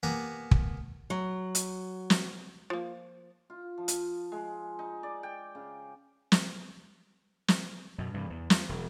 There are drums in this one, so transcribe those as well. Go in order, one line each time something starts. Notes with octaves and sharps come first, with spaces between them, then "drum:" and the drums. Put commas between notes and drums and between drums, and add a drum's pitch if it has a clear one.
A#3 B3 G4 F#5 G#5 A#5
drum: kick
F#3
drum: hi-hat
drum: snare
F3 A#3
F4
F3
drum: hi-hat
G#3
D#4
D5
G5
C#3
drum: snare
drum: snare
F#2 B2
G2 C3 E3
E2
F3, drum: snare
E1